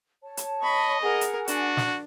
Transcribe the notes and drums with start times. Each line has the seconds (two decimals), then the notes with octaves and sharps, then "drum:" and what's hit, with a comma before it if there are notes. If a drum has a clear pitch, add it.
0.23 C#5 A5
0.37 drum: hi-hat
0.62 D#5 B5 C#6
1.02 G#4 A#4 F#5 G#5
1.21 drum: hi-hat
1.48 D4 F#4, drum: hi-hat
1.77 drum: snare